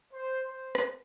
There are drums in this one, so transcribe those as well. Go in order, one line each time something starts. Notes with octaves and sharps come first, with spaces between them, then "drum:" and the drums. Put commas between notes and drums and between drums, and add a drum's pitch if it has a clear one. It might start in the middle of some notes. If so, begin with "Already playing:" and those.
C5
C5
drum: rim click